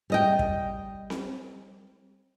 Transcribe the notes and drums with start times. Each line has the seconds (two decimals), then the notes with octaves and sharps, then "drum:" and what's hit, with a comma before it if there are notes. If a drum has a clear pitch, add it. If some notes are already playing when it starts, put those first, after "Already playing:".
0.10 G3 D#5 G5
0.39 drum: kick
1.10 drum: snare C4